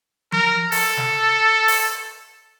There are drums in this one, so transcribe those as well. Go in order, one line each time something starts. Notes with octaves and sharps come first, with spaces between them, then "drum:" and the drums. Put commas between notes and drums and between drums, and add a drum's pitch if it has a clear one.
A#4, drum: tom F3
A4, drum: open hi-hat
drum: snare
drum: open hi-hat